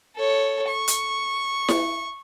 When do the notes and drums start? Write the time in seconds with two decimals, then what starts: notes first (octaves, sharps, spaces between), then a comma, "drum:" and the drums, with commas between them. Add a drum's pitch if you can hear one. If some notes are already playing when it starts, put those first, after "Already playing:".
0.16 A4 C#5
0.68 C#6
0.88 drum: hi-hat
1.68 drum: snare E4